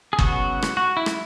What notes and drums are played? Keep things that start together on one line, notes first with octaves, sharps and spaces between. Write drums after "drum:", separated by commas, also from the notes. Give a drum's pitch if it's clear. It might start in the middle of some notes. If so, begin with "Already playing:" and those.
G#4
C#3 F#3 B3 F#4, drum: kick G1
drum: rim click
F#4
E4
drum: rim click